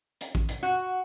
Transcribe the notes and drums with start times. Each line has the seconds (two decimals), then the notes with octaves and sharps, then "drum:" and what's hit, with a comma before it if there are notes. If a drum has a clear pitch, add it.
0.21 drum: hi-hat
0.35 drum: kick
0.49 drum: hi-hat
0.63 F#4